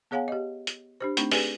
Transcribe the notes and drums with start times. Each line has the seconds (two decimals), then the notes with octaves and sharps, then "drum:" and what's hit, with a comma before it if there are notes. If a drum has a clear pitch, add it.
0.11 B3 G#4 C#5 F5 F#5 G#5
0.28 G4 D#5
0.67 drum: hi-hat
1.01 D4 G4 C5
1.17 A3 C4 D4 D#4, drum: hi-hat
1.31 G4 G#4 B4 D5 G#5, drum: open hi-hat